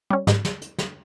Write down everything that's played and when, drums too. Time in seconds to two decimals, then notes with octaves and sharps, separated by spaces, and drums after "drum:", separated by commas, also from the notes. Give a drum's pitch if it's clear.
0.10 G3 C#4
0.27 G#2, drum: snare
0.45 drum: snare
0.62 drum: hi-hat
0.78 drum: snare